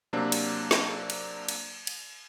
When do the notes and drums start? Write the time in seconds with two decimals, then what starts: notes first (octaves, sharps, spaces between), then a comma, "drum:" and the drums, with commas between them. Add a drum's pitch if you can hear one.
0.13 C3 F#3 A#3 C4 D4
0.32 drum: cymbal
0.71 drum: snare
1.10 drum: cymbal
1.48 drum: cymbal
1.87 drum: cymbal